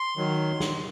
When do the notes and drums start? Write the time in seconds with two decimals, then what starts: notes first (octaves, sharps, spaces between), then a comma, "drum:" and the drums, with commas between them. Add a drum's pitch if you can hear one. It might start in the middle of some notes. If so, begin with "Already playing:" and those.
Already playing: C6
0.17 D#3 F#3
0.60 drum: snare